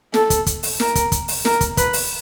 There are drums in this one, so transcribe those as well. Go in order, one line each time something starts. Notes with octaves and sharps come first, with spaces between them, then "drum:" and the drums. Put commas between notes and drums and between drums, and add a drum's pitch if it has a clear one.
A4, drum: snare
drum: kick, hi-hat
drum: kick, hi-hat
drum: open hi-hat
A#4, drum: snare
drum: kick, hi-hat
drum: kick, hi-hat
drum: open hi-hat
A#4, drum: snare
drum: kick, hi-hat
B4, drum: kick, hi-hat
drum: open hi-hat